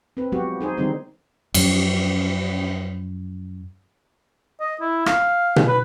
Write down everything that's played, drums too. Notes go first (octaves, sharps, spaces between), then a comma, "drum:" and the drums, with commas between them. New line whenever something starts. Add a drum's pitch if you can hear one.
C4 B4
F3 F#3 G#3 B3 F#4 G4
D#4 G#4 C5
D3 D#3 G3 G#3 C4 D#4
F#2 F3, drum: cymbal
D#5
E4
F5, drum: rim click
drum: tom B2
B4